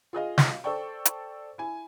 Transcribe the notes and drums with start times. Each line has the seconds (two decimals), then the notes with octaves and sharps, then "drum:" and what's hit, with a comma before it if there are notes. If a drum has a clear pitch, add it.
0.13 F4 G#4 D#5 F5
0.38 drum: snare
0.64 A4 C5 D5 G5 C#6
1.05 drum: hi-hat
1.58 E4 G#5